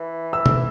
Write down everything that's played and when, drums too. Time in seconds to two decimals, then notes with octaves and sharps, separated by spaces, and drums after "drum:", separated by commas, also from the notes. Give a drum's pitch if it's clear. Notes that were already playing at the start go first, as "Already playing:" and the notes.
Already playing: E3
0.33 E6
0.46 drum: tom